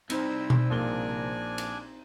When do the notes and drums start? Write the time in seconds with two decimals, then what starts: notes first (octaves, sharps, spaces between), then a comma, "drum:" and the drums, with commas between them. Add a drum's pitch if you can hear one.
0.10 C2 C4 D#4 E4 C5 G5 E6, drum: cymbal
0.50 drum: tom B2
0.70 A#1 A#3 D4 D5 G#5 G7
1.58 drum: cymbal